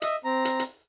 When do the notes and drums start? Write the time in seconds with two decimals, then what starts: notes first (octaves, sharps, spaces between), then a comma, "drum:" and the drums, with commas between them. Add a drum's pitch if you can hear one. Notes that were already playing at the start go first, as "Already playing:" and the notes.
0.02 D#5 E5, drum: hi-hat
0.24 C4 A#5
0.45 drum: hi-hat
0.60 drum: hi-hat